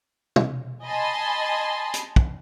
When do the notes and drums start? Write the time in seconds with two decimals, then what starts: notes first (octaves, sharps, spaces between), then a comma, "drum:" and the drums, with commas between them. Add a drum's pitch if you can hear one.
0.36 drum: tom
0.85 D#5 G#5 A5 B5 C6
1.94 drum: hi-hat
2.16 drum: kick